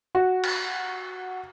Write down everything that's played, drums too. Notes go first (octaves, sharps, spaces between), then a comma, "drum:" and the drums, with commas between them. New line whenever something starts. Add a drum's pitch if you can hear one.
F#4
drum: cymbal